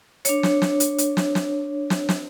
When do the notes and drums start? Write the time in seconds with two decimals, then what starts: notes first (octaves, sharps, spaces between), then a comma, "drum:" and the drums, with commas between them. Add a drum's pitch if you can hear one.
0.25 D4 C#5, drum: hi-hat
0.43 drum: snare
0.62 drum: snare
0.80 drum: hi-hat
0.98 drum: hi-hat
1.17 drum: snare
1.35 drum: snare
1.90 drum: snare
2.09 drum: snare